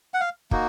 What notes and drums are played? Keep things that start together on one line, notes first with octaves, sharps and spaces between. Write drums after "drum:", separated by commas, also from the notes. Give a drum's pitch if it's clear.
F#5
F5
A#3 D#4 F#4, drum: kick